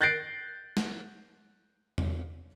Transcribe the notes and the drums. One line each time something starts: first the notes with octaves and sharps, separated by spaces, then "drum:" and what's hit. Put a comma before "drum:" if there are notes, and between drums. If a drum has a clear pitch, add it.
F#6 G6 A6 A#6 C7 D7
drum: snare
drum: tom E2